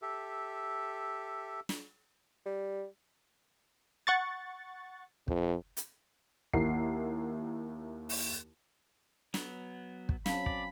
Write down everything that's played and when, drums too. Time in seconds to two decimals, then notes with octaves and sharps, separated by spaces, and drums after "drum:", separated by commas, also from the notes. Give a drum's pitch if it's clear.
0.02 G4 A4 E5
1.69 drum: snare
2.46 G3
4.07 F#5 C#6 A6
5.28 F2, drum: kick
5.77 drum: hi-hat
6.53 D#2 E4 A#4 F#5 C7, drum: kick
8.09 drum: open hi-hat
9.34 F#3 B3, drum: snare
10.09 drum: kick
10.26 F#3 C4 C#4 F5 A5 B5, drum: snare
10.46 D5, drum: kick